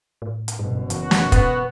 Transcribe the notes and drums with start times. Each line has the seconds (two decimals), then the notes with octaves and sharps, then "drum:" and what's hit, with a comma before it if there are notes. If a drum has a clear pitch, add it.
0.22 A2
0.48 drum: hi-hat
0.59 F#1 G2 B2
0.90 E3 F#4, drum: hi-hat
1.11 drum: snare
1.32 B3, drum: kick, hi-hat